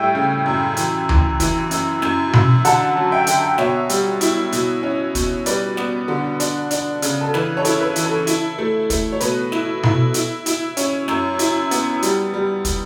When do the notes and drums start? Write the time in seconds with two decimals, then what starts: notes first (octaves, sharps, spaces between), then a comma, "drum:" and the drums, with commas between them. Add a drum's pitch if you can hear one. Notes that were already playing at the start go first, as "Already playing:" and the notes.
Already playing: A2 G3 E5 G5
0.15 C#3
0.46 F#2
0.77 E3, drum: hi-hat
1.09 E3, drum: tom D2
1.40 E3, drum: kick, hi-hat
1.71 F#2, drum: hi-hat
2.02 F#2, drum: snare
2.33 F#2, drum: tom B2
2.65 D3 F#5 A5, drum: hi-hat
2.97 F#3
3.12 E5 G5
3.27 D3, drum: hi-hat
3.58 B2 C#5 E5, drum: snare
3.89 G3, drum: hi-hat
4.21 E4, drum: hi-hat
4.52 B2, drum: hi-hat
4.83 C#4
5.15 B2, drum: kick, hi-hat
5.46 G3 B4 D5, drum: hi-hat
5.77 B3, drum: snare
6.08 D3
6.40 D4, drum: hi-hat
6.71 D4, drum: hi-hat
7.02 C#3, drum: hi-hat
7.21 A4
7.34 E3 B4, drum: snare
7.57 A4 C#5
7.65 E4, drum: hi-hat
7.80 B4
7.96 E3, drum: hi-hat
8.04 A4
8.27 E4, drum: hi-hat
8.58 A3
8.90 A3, drum: kick, hi-hat
9.12 C#5
9.20 B2 B4, drum: hi-hat
9.52 E4, drum: snare
9.83 E4, drum: tom B2
10.14 E4, drum: hi-hat
10.46 E4, drum: hi-hat
10.77 C#4, drum: hi-hat
11.08 F#2, drum: snare
11.39 E4, drum: hi-hat
11.71 B3, drum: hi-hat
12.02 G3, drum: hi-hat
12.33 G3
12.65 drum: kick, hi-hat